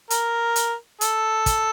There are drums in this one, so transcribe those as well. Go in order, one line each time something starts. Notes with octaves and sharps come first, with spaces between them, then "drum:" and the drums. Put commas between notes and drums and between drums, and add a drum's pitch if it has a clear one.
A#4, drum: hi-hat
drum: hi-hat
A4, drum: hi-hat
drum: kick, hi-hat